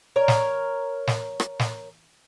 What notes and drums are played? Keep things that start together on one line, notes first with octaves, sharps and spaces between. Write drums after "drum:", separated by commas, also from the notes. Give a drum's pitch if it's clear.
A#4 C#5
drum: snare
drum: snare
drum: rim click
drum: snare